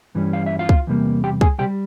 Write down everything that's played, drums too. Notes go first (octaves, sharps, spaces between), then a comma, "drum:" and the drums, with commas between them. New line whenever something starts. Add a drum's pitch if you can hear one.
G2 E3 G3 C#4
F5
E5
F4 F5
drum: kick
E2 C3 G3 A#3
G4 G5
G#4 G#5, drum: kick
C3 G3 G4 G5